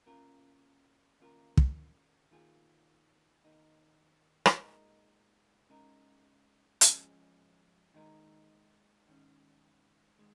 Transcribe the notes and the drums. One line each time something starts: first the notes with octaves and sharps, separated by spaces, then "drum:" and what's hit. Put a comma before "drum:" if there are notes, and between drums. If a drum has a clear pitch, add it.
C#3 A#3 F4 A#4
D#2 C#3 A#3 F4 A#4
drum: kick
D#3 A#3 F4 G#4
D#2 D#3 A#3 D#4
drum: rim click
A#2 G#3 D#4 A#4
C#3 G#3 D#4 A#4
F2 F3 G#3 C#4 G#4, drum: hi-hat
D#2 D#3 G#3 D#4 A#4
G#2 D#3 C#4
D#3 G#3